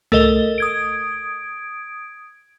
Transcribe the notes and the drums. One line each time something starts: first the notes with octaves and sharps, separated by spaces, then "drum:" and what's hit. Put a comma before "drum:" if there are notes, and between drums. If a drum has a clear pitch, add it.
A3 A4 A#4 D#5 G7, drum: tom C2
D#6 G#6 D7